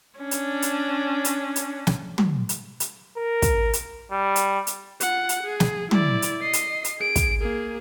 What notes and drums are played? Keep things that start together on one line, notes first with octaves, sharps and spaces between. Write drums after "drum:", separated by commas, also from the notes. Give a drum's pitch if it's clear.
C#4 D4
drum: hi-hat
drum: hi-hat
drum: hi-hat
drum: hi-hat
drum: snare
drum: tom
drum: hi-hat
drum: hi-hat
A#4
drum: kick, hi-hat
drum: hi-hat
G3
drum: hi-hat
drum: hi-hat
F4 F#5, drum: hi-hat
drum: hi-hat
G#4
drum: snare
E4 D5, drum: tom
drum: hi-hat
D#5 C7
drum: hi-hat
drum: hi-hat
G#4 D7
drum: kick, hi-hat
A#3 G#4